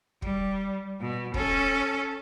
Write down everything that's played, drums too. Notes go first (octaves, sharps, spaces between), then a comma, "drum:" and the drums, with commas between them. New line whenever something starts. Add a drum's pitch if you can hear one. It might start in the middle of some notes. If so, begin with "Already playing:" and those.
G3, drum: kick
B2
C#4 A4, drum: kick